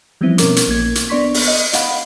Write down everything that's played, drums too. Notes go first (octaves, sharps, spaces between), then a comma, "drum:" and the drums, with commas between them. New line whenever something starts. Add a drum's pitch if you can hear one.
E3 F3 G3 B3 C4 E4
B2 B3 C#4 A#4 D6, drum: hi-hat
drum: hi-hat
A#1 A#3 G#6
drum: hi-hat
B3 D4 D5 C6 C#6 B6
drum: open hi-hat
D#5
D#5 F5 F#5 B5, drum: hi-hat